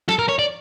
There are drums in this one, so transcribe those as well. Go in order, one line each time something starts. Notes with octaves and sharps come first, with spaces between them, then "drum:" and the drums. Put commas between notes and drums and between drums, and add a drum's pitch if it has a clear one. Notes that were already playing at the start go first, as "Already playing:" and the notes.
A4, drum: snare
A#4
C#5
D5